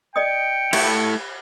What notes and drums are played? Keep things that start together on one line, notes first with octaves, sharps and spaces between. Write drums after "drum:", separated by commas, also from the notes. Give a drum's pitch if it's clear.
D5 D#5 G5 D#6 C#7
A3 E4 G4, drum: cymbal